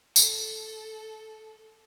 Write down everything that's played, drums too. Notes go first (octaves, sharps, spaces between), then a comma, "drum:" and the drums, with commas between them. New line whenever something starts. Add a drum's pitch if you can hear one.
A4, drum: tambourine